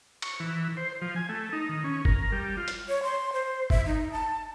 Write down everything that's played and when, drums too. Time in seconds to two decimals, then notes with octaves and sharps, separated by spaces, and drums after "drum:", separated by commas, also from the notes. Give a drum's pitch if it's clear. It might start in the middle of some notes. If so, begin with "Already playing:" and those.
0.22 C#6, drum: cymbal
0.40 E3
0.77 C5
1.02 F3
1.16 G#5
1.29 A3
1.53 D#4
1.69 D#3
1.84 C#4
2.05 A#4, drum: kick F#1
2.32 G3
2.57 F4
2.68 drum: hi-hat
2.88 C#5
3.03 C6
3.33 C5
3.70 E5, drum: kick F#1
3.86 D#4
4.12 A5